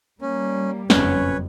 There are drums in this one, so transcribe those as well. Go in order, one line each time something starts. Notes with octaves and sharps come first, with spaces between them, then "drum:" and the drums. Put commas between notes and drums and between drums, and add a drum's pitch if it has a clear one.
G3 A#3 C#4
F#1 F2 C#4 B4 C#5, drum: snare